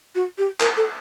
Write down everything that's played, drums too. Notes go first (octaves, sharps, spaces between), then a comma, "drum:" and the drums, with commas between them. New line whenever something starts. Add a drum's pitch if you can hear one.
F#4
G4
A#4, drum: clap
A4